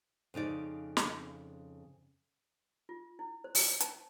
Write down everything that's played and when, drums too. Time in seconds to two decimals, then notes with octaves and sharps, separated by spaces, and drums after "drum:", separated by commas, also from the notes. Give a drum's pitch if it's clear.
0.34 F2 C#3 D#4 D5
0.97 drum: snare
2.89 F4
3.19 E4
3.44 C5
3.55 drum: open hi-hat
3.80 A5, drum: hi-hat